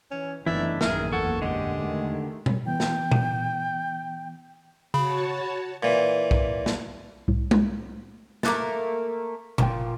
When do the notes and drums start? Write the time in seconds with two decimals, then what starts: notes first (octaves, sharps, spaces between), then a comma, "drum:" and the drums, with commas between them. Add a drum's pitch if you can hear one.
0.11 E3 C#4
0.46 F#1 D#3 E3 A3 B3 D4 E4 E5
0.81 A1 F#2 D#3 A#3 G#4 A#4 E5, drum: snare
1.12 E2 A4 F#5 C#6 G#6
1.42 D3 G#3 G4
1.78 D#3 A3
2.46 drum: tom B2
2.66 E3 B3 G5
2.80 drum: snare
3.12 drum: tom A#2
4.94 C#3 F#4 C#5 A5 B5
5.83 A#2 E3
6.31 drum: kick B1
6.66 drum: snare
7.28 C2 A2
7.51 drum: tom G#3
8.43 A3 A#3 A#4 D6 F#6 A6, drum: snare
9.58 G1 A#2 F3 G5, drum: tom A#2